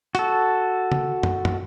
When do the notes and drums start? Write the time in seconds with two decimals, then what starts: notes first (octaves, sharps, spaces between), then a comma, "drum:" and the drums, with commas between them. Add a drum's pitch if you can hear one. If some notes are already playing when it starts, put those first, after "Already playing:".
0.15 F#4 A4, drum: hi-hat
0.92 drum: tom C#3
1.23 drum: tom
1.45 drum: tom